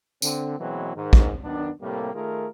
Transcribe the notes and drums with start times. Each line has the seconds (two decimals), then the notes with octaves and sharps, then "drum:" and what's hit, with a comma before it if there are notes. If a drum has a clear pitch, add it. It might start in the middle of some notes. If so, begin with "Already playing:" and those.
0.22 D3 C4, drum: tambourine
0.59 B2 E3 F#3 G#3 A#3 C4
0.94 G#2 D#3
1.13 drum: kick
1.43 F#2 D#3 B3 D4
1.81 A2 C3 G3 A3 A#3
2.13 D#3 A3 F4 G#4 A#4